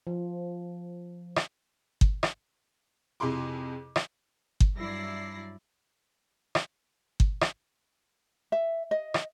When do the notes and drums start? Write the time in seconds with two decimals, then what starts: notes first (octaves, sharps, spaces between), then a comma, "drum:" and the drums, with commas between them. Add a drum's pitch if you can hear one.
0.07 F3
1.36 drum: rim click
2.01 drum: kick G1
2.23 drum: rim click
3.20 F2 C3 E4 G#4 C6 D6
3.96 drum: rim click
4.60 drum: kick G1
4.77 G2 F#3 E4 D5 A#6 C7
6.55 drum: rim click
7.20 drum: kick G1
7.41 drum: rim click
8.52 E5
8.91 D#5
9.14 drum: rim click